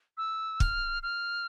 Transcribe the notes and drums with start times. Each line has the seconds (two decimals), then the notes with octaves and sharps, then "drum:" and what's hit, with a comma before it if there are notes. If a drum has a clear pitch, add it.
0.17 E6
0.60 F6, drum: kick
1.03 F6